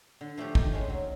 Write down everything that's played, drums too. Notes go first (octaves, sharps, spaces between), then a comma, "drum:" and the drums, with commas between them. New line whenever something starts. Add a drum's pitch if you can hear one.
D3
F3 A3 D4 G4
D#3, drum: kick
G#3 C#4
F#3